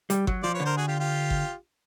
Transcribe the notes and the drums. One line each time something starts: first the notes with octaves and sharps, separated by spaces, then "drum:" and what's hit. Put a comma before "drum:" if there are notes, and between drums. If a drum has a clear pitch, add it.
G3, drum: hi-hat
F#3, drum: kick G1
F3 C5 D5
B4 C#5
D3
A#4 C5
F#4 G#4
F4 G4
F4 G4
drum: kick G1